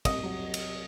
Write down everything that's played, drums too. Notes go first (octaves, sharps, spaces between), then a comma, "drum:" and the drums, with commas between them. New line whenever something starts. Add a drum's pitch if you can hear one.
C2 D#5 D#6, drum: kick, cymbal
F#3
drum: cymbal